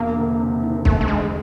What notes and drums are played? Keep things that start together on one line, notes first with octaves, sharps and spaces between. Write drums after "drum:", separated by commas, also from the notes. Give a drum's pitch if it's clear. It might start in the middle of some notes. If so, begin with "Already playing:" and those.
Already playing: E1 A#3
D2
C3
D#3
E1 A3, drum: kick
A3
D2 G#3